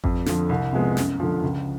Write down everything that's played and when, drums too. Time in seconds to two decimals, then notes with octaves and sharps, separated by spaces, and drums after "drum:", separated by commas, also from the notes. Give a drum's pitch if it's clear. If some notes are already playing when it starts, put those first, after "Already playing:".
0.04 F2, drum: kick G#1
0.26 D3 F3, drum: snare
0.49 C2
0.73 C3 F3 G#3 B3
0.97 F#2, drum: snare
1.20 D3 F3
1.43 C#2